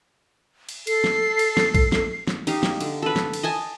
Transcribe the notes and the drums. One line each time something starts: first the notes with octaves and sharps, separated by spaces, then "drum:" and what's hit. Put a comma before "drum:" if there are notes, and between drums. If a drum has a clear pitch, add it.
drum: cymbal
A4 C7, drum: cymbal
drum: snare
drum: cymbal
drum: snare
drum: kick, cymbal
drum: snare
drum: snare
D#4 G4 F5, drum: cymbal
drum: snare
D3, drum: cymbal
A4 B4
drum: snare
drum: cymbal
D#5 G#5 A5